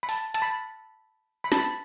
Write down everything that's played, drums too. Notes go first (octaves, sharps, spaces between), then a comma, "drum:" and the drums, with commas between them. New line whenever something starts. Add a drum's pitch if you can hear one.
B5
A5, drum: open hi-hat
A5, drum: hi-hat
B5
B5
A5, drum: snare
B5